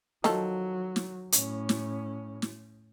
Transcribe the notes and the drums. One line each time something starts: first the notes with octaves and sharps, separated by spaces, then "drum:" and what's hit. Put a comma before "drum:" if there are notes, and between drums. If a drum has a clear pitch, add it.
D#3 F3 F#3 A4, drum: snare
drum: snare
A2 C#4, drum: hi-hat
drum: snare
drum: snare